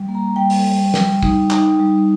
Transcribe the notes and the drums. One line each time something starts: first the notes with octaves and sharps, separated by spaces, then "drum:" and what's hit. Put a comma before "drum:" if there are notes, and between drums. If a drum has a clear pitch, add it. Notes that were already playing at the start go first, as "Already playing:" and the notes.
Already playing: G3
A#3
A#5
G3 G5
drum: open hi-hat
G3
G3, drum: snare
D#4, drum: kick
D#4, drum: clap
G3